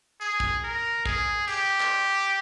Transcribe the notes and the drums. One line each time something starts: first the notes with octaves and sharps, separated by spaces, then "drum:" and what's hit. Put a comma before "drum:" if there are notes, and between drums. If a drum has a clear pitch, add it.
G#4, drum: tambourine
drum: kick
A#4
G#4, drum: kick
G4, drum: cymbal
drum: clap